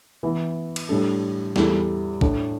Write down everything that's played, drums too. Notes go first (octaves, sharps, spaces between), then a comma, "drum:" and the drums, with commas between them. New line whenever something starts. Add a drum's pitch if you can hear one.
E3 B3 E4
drum: cymbal
A2 G3 D4 A4
E2 E3 G3 E4 A4, drum: snare
A2 A3 D4, drum: kick A#1